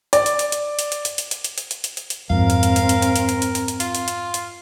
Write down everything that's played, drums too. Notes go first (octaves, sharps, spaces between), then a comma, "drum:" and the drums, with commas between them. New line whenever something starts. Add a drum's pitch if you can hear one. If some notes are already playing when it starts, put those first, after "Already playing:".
D5, drum: hi-hat
drum: hi-hat
drum: hi-hat
drum: hi-hat
drum: hi-hat
drum: hi-hat
drum: hi-hat
drum: hi-hat
drum: hi-hat
drum: hi-hat
drum: hi-hat
drum: hi-hat
drum: hi-hat
drum: hi-hat
drum: hi-hat
F2 G#2 C4 A#4 F5
drum: hi-hat
drum: hi-hat
drum: hi-hat
drum: hi-hat
drum: hi-hat
drum: hi-hat
drum: hi-hat
drum: hi-hat
drum: hi-hat
drum: hi-hat
F4, drum: hi-hat
drum: hi-hat
drum: hi-hat
drum: hi-hat